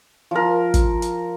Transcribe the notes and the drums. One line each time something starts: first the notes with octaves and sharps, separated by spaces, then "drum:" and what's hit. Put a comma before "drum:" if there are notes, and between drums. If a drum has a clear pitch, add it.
F3 A#4
drum: kick, hi-hat
drum: hi-hat